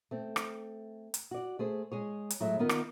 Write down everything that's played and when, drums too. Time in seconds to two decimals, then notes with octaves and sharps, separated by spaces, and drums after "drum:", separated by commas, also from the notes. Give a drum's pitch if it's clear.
0.11 A3 C4
0.36 drum: rim click
1.14 drum: hi-hat
1.31 F#4 D5
1.59 A3 G#4 C5
1.92 G#3 G#4 C#5
2.30 drum: hi-hat
2.40 A2 F#3 G#3 A3 E4 E5
2.59 D#3 B3 D#4 F4 A#4
2.69 drum: rim click